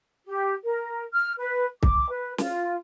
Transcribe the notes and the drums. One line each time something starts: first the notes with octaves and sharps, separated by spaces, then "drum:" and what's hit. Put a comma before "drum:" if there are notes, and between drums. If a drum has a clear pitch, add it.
G4
A#4
F6
B4
D6, drum: kick C2
B4
F4, drum: snare